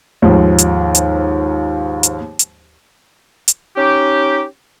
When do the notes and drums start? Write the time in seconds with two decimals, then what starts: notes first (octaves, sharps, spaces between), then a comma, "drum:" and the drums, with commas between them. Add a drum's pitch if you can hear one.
0.22 D#2 G#2 F3
0.58 drum: hi-hat
0.95 drum: hi-hat
2.03 drum: hi-hat
2.39 drum: hi-hat
3.48 drum: hi-hat
3.76 C#4 D#4 G4